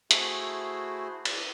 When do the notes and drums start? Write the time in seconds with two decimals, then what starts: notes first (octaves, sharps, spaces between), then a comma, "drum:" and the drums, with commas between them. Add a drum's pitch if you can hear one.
0.11 A3 E4 F#4 G#4 C5, drum: hi-hat
1.25 drum: cymbal